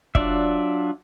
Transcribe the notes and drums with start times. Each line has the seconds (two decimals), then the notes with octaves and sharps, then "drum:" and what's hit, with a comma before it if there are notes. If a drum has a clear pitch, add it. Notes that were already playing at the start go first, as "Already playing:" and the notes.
0.15 F#3 D4 F4 D5 E5, drum: kick